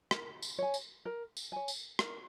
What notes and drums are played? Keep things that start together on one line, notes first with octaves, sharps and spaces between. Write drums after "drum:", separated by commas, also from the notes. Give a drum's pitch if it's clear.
A#4, drum: rim click
drum: tambourine
C#5 G#5
drum: tambourine
A#4
drum: tambourine
C#5 G#5
drum: tambourine
A#4, drum: rim click